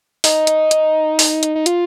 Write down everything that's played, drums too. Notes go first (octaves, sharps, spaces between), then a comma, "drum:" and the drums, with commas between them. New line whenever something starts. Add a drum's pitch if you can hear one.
D#4, drum: open hi-hat
drum: hi-hat
drum: hi-hat
drum: open hi-hat
drum: hi-hat
D#4
F4, drum: hi-hat